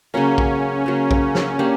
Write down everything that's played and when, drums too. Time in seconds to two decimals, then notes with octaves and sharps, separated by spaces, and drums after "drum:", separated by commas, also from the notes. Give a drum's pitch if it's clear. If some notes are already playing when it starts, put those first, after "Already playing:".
0.14 C#3 F#3 A#3 C#4
0.38 drum: kick A#1
0.86 C#3 F#3 A#3
1.11 drum: kick A#1
1.35 drum: snare
1.59 A#3 D4 G4